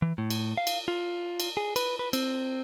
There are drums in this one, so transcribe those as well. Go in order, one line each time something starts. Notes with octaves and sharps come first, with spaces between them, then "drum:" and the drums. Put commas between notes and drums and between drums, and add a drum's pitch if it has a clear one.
E3
A2
drum: cymbal
F5
drum: cymbal
F4
drum: cymbal
G#4
B4, drum: cymbal
B4
C4, drum: cymbal